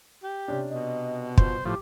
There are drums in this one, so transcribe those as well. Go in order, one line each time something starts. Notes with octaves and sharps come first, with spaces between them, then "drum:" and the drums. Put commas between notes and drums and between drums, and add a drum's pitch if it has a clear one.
G4
C3 C#4 D4
B2 D#5
F4 C5, drum: kick
A2 F3 G4